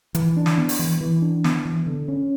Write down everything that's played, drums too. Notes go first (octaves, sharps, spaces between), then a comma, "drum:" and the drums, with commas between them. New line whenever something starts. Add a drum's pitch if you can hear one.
E3, drum: hi-hat
D4
drum: snare
B3
drum: open hi-hat
E3
E3
D4
B3, drum: snare
E3
D3
C#4